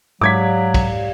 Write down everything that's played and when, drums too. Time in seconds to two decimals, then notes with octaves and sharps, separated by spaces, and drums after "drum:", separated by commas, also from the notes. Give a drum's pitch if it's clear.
0.21 G#2 F#3 G4 D5 F5 D6 G#6 B6
0.74 drum: kick, cymbal